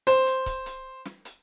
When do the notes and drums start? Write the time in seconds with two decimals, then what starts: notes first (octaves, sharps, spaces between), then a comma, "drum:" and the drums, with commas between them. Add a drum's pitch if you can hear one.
0.07 C5, drum: hi-hat
0.27 drum: hi-hat
0.46 drum: kick C#1, hi-hat
0.66 drum: hi-hat
1.05 drum: snare
1.25 drum: hi-hat